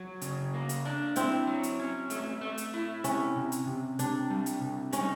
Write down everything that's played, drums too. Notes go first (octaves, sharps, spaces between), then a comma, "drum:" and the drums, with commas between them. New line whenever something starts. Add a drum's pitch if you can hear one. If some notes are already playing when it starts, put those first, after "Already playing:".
Already playing: F#3
C#3, drum: hi-hat
A#3
drum: hi-hat
D4
C4 E4, drum: hi-hat
F#3
drum: hi-hat
C#4
A3, drum: hi-hat
A3
drum: hi-hat
E4
C3 C#4, drum: hi-hat
C3
drum: hi-hat
C3
C3 D4, drum: hi-hat
G3
drum: hi-hat
C3
C#4 D#4, drum: hi-hat